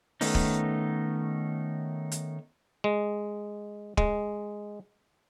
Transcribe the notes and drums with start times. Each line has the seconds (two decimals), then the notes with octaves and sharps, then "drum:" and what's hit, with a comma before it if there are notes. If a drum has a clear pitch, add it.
0.21 D#3 A3 B3 C#4 D#4, drum: open hi-hat
0.35 drum: kick
2.12 drum: hi-hat
2.84 G#3
3.97 G#3, drum: kick